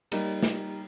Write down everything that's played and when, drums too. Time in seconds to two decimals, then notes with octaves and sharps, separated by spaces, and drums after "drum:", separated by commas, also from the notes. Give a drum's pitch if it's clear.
0.12 G3 A#3 D#4, drum: cymbal
0.43 drum: snare